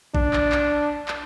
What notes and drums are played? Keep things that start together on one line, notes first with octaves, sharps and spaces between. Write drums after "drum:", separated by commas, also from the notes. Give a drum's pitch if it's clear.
D4, drum: kick A#1
drum: clap
drum: clap
drum: clap